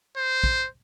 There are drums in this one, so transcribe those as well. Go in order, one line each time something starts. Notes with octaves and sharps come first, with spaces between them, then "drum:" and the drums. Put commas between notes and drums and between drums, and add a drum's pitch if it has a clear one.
C5
drum: kick